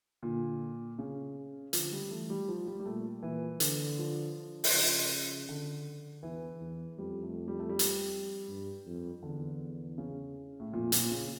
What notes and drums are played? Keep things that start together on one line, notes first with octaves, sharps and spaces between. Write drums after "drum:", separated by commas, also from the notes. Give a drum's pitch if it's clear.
A#2 D3
C#3
D3 F3, drum: hi-hat
G3
E3 A3
G3
F3
G3
G3
A#2 A3
A#2 E3
D3, drum: hi-hat
F3
drum: open hi-hat
C#3 F3
D3
E2 E3
E2
F2 G3
A3
G3
A3
G3
drum: hi-hat
G2
F2
E2 D3
C#3
A2
F2 A#2
A#2, drum: hi-hat
C#3